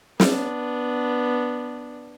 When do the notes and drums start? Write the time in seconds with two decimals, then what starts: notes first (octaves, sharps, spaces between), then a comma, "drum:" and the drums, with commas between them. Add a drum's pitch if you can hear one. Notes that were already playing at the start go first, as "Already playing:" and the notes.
0.20 B3 D4, drum: snare